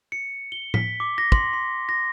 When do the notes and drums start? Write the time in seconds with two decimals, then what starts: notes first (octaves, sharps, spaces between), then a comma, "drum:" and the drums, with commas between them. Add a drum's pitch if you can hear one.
0.12 C#7
0.52 G7
0.74 B6, drum: tom A2
1.00 D6
1.18 A#6
1.32 C6, drum: kick
1.53 C6
1.89 A#6